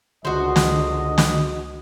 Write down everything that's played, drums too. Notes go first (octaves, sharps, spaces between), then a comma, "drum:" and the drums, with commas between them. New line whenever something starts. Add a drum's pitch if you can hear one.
C#2 D3 F#4 C5 D#5
drum: snare
drum: snare